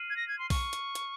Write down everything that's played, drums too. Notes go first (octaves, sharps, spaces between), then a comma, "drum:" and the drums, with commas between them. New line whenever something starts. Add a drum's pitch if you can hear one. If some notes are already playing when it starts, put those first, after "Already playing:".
Already playing: F6 C7 D#7 F#7
G#6
A#6
G#6
C6
C#6, drum: kick B1, open hi-hat
drum: hi-hat
drum: hi-hat